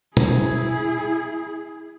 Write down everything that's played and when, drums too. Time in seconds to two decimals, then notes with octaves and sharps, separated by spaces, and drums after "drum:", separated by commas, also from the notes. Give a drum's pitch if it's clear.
0.17 E4 G#4, drum: tom